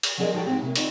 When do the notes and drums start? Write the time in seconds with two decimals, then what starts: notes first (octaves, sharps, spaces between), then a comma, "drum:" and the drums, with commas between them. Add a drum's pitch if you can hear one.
0.03 drum: cymbal
0.18 F3 F#3 D4 G#4 A#4 D#5
0.33 F3 G3 F#4 G4 A4 C#5
0.46 G#2 F3 G#3 C4 G4
0.61 C3 A#3
0.76 D3 C4 D#4 F4, drum: cymbal